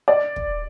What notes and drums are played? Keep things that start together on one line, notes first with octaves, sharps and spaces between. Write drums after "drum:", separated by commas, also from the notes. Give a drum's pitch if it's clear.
D5
drum: kick